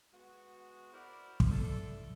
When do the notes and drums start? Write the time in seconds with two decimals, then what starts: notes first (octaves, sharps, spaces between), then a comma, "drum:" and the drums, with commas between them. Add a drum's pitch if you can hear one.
0.13 G#3 B3 F#4
0.93 E4 F#4 A#4 C5 D5
1.40 drum: kick
1.52 D4 E4 A4